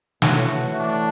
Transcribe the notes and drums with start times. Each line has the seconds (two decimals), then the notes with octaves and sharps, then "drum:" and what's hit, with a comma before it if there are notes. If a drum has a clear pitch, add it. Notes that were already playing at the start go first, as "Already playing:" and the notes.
0.22 A2 E3 A3 F#4, drum: snare
0.80 D4